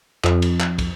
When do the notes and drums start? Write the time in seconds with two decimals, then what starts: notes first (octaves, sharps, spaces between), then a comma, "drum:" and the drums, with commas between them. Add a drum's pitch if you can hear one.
0.24 F2, drum: clap
0.42 drum: cymbal
0.60 drum: clap
0.78 drum: kick, cymbal